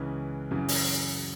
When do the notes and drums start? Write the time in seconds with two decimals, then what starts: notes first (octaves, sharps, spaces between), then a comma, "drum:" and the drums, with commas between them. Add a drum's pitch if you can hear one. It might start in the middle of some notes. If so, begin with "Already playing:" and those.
Already playing: C#2 C#3 E3 C#4 B4
0.51 F#2 C#3 E3 C#4
0.68 drum: open hi-hat